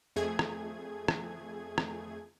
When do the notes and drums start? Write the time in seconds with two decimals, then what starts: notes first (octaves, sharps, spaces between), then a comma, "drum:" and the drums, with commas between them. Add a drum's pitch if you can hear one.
0.16 F2 A3 G#4 G#6
0.39 drum: rim click
1.08 drum: rim click
1.78 drum: rim click